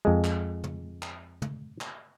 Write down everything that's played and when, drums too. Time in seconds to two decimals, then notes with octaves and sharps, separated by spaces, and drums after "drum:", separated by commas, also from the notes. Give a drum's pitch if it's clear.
0.05 F2 G#3
0.24 drum: clap
0.64 drum: tom
1.03 drum: clap
1.42 drum: tom
1.81 drum: clap